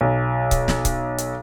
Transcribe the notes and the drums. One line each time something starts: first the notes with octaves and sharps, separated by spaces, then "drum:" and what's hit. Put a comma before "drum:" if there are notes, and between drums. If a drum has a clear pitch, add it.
B1
drum: kick C#1, hi-hat
drum: snare
drum: kick C#1, hi-hat
drum: hi-hat